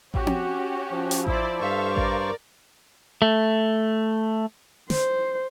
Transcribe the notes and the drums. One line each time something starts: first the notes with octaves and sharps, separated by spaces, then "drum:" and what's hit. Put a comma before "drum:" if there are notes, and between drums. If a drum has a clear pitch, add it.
C#4 F#4 G4, drum: kick A1
drum: tom C4
F3
drum: hi-hat
E4 C5 D5, drum: kick A1
G2 A4 C5 E5 F5 C#6
A#4 D5, drum: kick A1
A3
C5, drum: snare